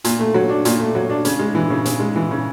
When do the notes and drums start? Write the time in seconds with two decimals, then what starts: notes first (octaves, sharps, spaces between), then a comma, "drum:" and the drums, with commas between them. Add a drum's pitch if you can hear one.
0.04 A#2, drum: hi-hat
0.19 A3
0.34 F#3
0.49 D4
0.65 A#2, drum: hi-hat
0.80 A3
0.95 F#3
1.10 D4
1.25 C#3, drum: hi-hat
1.39 G#3
1.55 E3
1.70 C#3
1.85 C#3, drum: hi-hat
2.00 G#3
2.16 E3
2.31 C#3